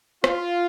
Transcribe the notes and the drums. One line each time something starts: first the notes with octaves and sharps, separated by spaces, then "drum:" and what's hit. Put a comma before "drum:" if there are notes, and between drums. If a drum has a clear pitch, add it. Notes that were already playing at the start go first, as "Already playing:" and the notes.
F4, drum: rim click